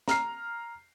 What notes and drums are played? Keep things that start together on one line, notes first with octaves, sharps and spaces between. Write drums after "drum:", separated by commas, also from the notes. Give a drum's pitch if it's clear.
A#5 F6 C7, drum: snare